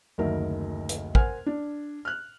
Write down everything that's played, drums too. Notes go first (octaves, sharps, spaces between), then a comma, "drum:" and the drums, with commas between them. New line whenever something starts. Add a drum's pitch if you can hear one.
F#1 D2 D#3 F#3 A#4 E5
drum: hi-hat
A#4 C5 F#5 G#5 F6 G#6, drum: kick
D4
F6 F#6